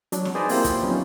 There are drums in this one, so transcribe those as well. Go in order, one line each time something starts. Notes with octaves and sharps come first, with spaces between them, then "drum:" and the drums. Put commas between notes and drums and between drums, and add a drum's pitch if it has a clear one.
F#3 D4, drum: hi-hat
drum: snare
D#4 G#4 B4 C5 D5 D#5
A#3 C4 E4 F4 G4 C5, drum: open hi-hat
drum: kick, hi-hat
F3 F#3 B3 C#4 D#4